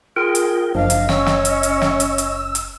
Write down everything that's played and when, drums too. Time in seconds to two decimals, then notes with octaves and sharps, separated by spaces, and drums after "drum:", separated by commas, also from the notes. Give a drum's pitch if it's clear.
0.16 F4 G#4 A#4 G5
0.35 drum: hi-hat
0.75 F#1 F3 D4 D#5 F5
0.90 drum: hi-hat
1.09 C#4 E6, drum: snare
1.26 drum: snare
1.45 drum: hi-hat
1.63 drum: hi-hat
1.82 drum: snare
2.00 drum: hi-hat
2.18 drum: hi-hat
2.55 drum: hi-hat